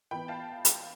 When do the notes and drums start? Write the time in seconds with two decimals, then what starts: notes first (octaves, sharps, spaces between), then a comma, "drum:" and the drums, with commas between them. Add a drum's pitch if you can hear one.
0.11 E3 B3 G5 B5
0.28 F5 A5
0.65 drum: hi-hat